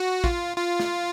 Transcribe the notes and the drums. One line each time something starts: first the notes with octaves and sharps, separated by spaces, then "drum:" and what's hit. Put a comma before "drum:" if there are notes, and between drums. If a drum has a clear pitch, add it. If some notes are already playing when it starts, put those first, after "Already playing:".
Already playing: F#4
F4, drum: kick
F4
drum: snare